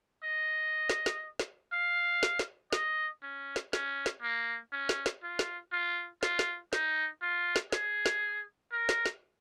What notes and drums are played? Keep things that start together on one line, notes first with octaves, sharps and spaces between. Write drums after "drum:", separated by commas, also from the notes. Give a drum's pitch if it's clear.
D#5
drum: snare
drum: snare
drum: snare
F5
drum: snare
drum: snare
D#5, drum: snare
C#4
drum: snare
C#4, drum: snare
drum: snare
A#3
C#4
drum: snare
drum: snare
F4
drum: snare
F4
F4, drum: snare
drum: snare
D#4, drum: snare
F4
drum: snare
G#4, drum: snare
drum: snare
A#4
drum: snare
drum: snare